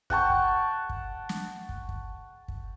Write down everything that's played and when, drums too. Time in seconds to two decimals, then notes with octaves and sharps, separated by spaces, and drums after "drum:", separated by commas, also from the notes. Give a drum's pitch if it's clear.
0.10 F#5 G5 A5 C#6, drum: kick
0.30 drum: kick
0.89 drum: kick
1.29 drum: snare
1.69 drum: kick
1.89 drum: kick
2.48 drum: kick